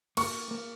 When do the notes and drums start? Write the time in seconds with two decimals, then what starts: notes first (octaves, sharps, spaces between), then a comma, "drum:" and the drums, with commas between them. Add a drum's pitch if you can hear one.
0.17 A#3 C#6, drum: cymbal
0.51 A#3